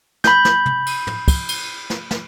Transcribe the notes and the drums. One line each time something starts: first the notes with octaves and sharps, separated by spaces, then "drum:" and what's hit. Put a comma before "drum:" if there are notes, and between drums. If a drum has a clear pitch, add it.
B5 G6, drum: snare
drum: snare
drum: tom
drum: cymbal
drum: tom
drum: kick, cymbal
drum: cymbal
drum: snare
drum: snare